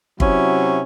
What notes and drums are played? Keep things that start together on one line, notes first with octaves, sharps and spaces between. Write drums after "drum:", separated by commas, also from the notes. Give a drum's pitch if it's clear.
C3 F#3 C#4 E4 F#4, drum: kick